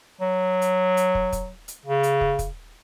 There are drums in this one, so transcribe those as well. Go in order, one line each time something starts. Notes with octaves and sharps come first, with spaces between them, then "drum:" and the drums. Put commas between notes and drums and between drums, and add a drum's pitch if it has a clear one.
F#3
drum: hi-hat
drum: hi-hat
drum: kick
drum: kick, hi-hat
drum: hi-hat
C#3
drum: hi-hat
drum: kick
drum: kick, hi-hat